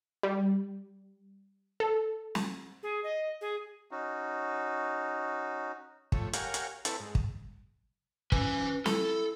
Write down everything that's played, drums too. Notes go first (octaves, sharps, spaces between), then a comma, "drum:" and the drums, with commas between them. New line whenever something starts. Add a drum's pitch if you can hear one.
G3
A4
drum: snare
G#4
D#5
G#4
C#4 D#4 F#4
F2 A3 C#5, drum: kick
G4 A#4 C#5 F5 F#5 G#5, drum: hi-hat
drum: hi-hat
C4 E4 A4 B4 C#5 A5, drum: hi-hat
G#2
drum: kick
C#4 B4 G#5, drum: kick
E4 A4, drum: snare